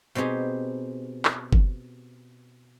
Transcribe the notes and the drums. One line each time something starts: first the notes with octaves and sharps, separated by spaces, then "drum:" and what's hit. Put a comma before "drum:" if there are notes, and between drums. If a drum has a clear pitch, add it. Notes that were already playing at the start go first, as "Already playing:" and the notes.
B2 C4 D#4 G4 G#4
drum: clap
drum: kick F#1